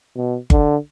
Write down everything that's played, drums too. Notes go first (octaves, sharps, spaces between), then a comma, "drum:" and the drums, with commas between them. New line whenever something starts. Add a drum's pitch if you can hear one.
B2
D3, drum: kick G1